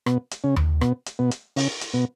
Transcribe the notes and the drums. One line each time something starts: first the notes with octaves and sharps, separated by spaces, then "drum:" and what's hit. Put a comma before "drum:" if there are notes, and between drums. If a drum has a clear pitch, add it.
B2 B3, drum: rim click
drum: hi-hat
C#3 C#4
drum: tom D#2
B2 B3, drum: rim click
drum: hi-hat
B2 B3
drum: hi-hat
C#3 C#4, drum: open hi-hat
drum: hi-hat
B2 B3